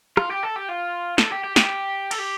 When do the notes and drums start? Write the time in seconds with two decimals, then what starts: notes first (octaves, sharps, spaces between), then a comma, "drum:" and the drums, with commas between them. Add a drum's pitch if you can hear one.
0.17 F4, drum: rim click
0.31 G4
0.43 A4
0.56 G4
0.69 F4
1.18 A4, drum: snare
1.32 G4
1.44 G4
1.56 G4, drum: snare
2.11 A4, drum: cymbal
2.19 G4